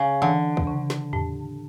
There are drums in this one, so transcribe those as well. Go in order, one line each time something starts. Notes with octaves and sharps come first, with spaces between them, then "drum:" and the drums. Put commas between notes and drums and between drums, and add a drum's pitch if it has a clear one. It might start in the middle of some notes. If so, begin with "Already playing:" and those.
Already playing: C#3
D3 E3
drum: kick
C#3
drum: snare
A2, drum: tom E2